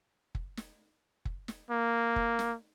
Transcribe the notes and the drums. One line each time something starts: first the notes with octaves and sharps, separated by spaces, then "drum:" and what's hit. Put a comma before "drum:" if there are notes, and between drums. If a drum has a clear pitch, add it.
drum: kick
drum: snare
drum: kick
drum: snare
A#3
drum: kick
drum: snare